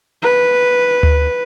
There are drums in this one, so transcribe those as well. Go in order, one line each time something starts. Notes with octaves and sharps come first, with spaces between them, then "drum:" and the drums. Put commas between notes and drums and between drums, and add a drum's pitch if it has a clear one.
B4
drum: tom D2